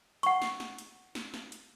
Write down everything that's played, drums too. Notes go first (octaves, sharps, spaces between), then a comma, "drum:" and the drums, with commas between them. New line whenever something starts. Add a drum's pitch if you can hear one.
F#5 C#6, drum: hi-hat
drum: snare
drum: snare
drum: hi-hat
drum: snare
drum: snare
drum: hi-hat